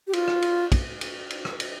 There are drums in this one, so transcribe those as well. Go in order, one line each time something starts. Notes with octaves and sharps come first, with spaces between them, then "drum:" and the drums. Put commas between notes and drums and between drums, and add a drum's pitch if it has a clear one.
G4
F4, drum: cymbal
drum: rim click
drum: cymbal
drum: kick, cymbal
drum: cymbal
drum: cymbal
drum: rim click
drum: cymbal